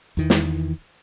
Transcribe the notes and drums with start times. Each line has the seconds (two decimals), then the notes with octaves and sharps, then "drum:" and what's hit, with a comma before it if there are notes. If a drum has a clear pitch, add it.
0.17 E2 D#3 E3
0.30 drum: snare